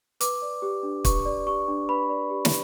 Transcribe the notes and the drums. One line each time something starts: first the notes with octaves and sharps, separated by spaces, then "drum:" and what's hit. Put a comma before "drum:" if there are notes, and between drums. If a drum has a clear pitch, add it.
B4 D6, drum: hi-hat
D5
G4
D4
B4 C#6, drum: kick, hi-hat
D5
G4 C#6
D4
B4 B5
D5
G4
drum: snare